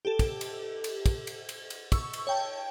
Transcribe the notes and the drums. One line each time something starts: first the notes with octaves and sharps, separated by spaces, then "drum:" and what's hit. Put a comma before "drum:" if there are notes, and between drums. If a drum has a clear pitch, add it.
G4 A4
drum: kick, cymbal
drum: cymbal
drum: cymbal
drum: kick, cymbal
drum: cymbal
drum: cymbal
drum: cymbal
C#6 E6, drum: kick, cymbal
drum: cymbal
C#5 G5 A5